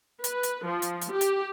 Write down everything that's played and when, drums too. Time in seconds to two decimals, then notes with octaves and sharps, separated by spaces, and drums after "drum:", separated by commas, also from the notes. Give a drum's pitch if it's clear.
0.24 B4, drum: hi-hat
0.43 drum: hi-hat
0.67 F3
0.82 drum: hi-hat
1.02 drum: hi-hat
1.11 G4
1.21 drum: hi-hat